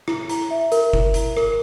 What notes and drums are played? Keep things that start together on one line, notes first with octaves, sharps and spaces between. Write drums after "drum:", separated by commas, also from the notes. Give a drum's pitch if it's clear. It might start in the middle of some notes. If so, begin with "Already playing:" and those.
E4, drum: rim click
A#5, drum: hi-hat
E5
A#4, drum: hi-hat
E4, drum: kick F#1
A#5, drum: hi-hat
A#4, drum: rim click